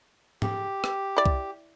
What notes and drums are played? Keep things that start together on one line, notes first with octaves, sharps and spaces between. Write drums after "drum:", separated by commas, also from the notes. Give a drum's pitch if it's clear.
G4, drum: tom G#2
drum: rim click
E4 D5
drum: kick C2